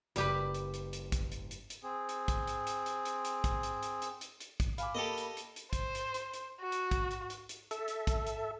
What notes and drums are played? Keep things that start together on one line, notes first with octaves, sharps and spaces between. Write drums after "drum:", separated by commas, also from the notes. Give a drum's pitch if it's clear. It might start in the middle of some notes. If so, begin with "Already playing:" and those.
F#1 G3 G4 B4, drum: hi-hat
drum: hi-hat
drum: hi-hat
drum: hi-hat
drum: kick, hi-hat
drum: hi-hat
drum: hi-hat
drum: hi-hat
C4 G#4
drum: hi-hat
drum: kick, hi-hat
drum: hi-hat
drum: hi-hat
drum: hi-hat
drum: hi-hat
drum: hi-hat
drum: kick, hi-hat
drum: hi-hat
drum: hi-hat
drum: hi-hat
drum: hi-hat
drum: hi-hat
drum: kick, hi-hat
F5 G#5 B5 D6, drum: hi-hat
A#3 G4 A4 D#5
drum: hi-hat
drum: hi-hat
drum: hi-hat
C5, drum: kick, hi-hat
drum: hi-hat
drum: hi-hat
drum: hi-hat
F#4
drum: hi-hat
drum: kick, hi-hat
drum: hi-hat
drum: hi-hat
drum: hi-hat
A4 E5, drum: hi-hat
drum: hi-hat
drum: kick, hi-hat
drum: hi-hat